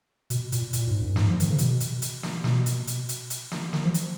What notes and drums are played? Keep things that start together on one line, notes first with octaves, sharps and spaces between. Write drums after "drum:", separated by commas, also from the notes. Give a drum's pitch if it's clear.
B2, drum: hi-hat
A#2, drum: hi-hat
A#2, drum: hi-hat
G#2
F#2
G#2, drum: snare
F3
D#3, drum: hi-hat
C#3
B2, drum: hi-hat
drum: hi-hat
drum: hi-hat
drum: snare
B2, drum: snare
drum: hi-hat
drum: hi-hat
drum: hi-hat
drum: hi-hat
drum: snare
D#3, drum: snare
F3
drum: hi-hat